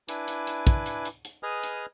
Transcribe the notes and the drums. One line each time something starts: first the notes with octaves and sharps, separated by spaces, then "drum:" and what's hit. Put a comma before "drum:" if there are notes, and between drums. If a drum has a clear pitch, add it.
D4 E4 B4 G#5 D6, drum: hi-hat
drum: hi-hat
drum: hi-hat
drum: kick, hi-hat
drum: hi-hat
drum: hi-hat
drum: hi-hat
G#4 B4 D#5 G#5 D#6 F6
drum: hi-hat